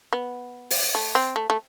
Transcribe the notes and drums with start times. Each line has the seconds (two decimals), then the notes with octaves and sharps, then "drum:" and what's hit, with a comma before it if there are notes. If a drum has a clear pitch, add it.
0.13 B3
0.71 drum: open hi-hat
0.95 A3
1.15 C4
1.36 A3
1.50 A3